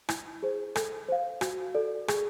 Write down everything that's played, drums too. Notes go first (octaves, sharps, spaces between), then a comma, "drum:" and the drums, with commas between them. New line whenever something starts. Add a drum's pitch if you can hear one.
E4, drum: rim click
G#4 C5
A4, drum: rim click
C5 F5
F#4, drum: rim click
A4 D5
G#4, drum: rim click